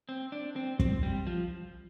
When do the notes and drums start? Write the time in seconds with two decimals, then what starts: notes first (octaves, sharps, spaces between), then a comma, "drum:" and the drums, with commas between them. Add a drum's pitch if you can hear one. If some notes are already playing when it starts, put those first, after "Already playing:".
0.09 C4
0.32 D4
0.56 C4
0.79 C4, drum: kick
1.03 G3
1.27 F3